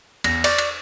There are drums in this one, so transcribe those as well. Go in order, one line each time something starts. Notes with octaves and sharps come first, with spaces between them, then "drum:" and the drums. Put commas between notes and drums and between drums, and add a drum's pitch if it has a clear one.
E2 A#6, drum: cymbal
D5 C#6 A6, drum: cymbal
drum: cymbal